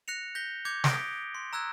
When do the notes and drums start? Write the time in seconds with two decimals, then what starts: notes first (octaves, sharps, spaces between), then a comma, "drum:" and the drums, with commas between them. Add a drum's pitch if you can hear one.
0.08 F#6 A#6 C#7 F7
0.35 G6 A#6 B6 G7
0.65 D6 G6 G#6 C#7 F7
0.84 D#6 A#6 B6 D7 G7, drum: snare
1.35 C6
1.53 A#5 E6 F#6 G#6 E7